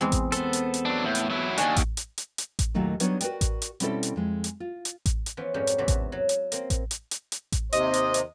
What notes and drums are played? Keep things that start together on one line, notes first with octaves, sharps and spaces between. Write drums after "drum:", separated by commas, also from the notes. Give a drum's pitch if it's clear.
E2 G#3 C4
drum: kick A1, hi-hat
B3 A4 C5, drum: hi-hat
drum: hi-hat
drum: hi-hat
F#3 D4
A2
drum: hi-hat
F#3 E4
D#2 G#2 D4 F#4 G#5, drum: hi-hat
drum: kick A1, hi-hat
drum: hi-hat
drum: hi-hat
drum: hi-hat
drum: kick A1, hi-hat
D#2 A#2 D#3 F#3 A3 D#4
F#3 G3 B3 D4 D#4 C#5, drum: hi-hat
F#4 A#4 B4 D5 G5, drum: hi-hat
drum: kick A1, hi-hat
drum: hi-hat
B2 G3 C4 C#4 E4 A4, drum: hi-hat
drum: hi-hat
F2 G#3
drum: hi-hat
F4
drum: hi-hat
drum: kick A1, hi-hat
drum: hi-hat
E3 F3 B3 C#4 F4
F2 G#2 G3 C#4 A#4
drum: hi-hat
E2 C3 E3 F#4 E5
drum: kick A1, hi-hat
F#3
drum: hi-hat
A#3 C4, drum: hi-hat
drum: kick A1, hi-hat
drum: hi-hat
drum: hi-hat
drum: hi-hat
drum: kick A1, hi-hat
D#2 C3 C5 D#5, drum: hi-hat
drum: hi-hat
drum: hi-hat